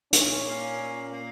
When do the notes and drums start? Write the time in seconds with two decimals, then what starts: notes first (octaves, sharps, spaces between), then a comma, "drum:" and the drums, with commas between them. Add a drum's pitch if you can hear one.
0.13 A#2 C#4, drum: hi-hat
0.46 A#3
0.79 A#2
1.12 A#3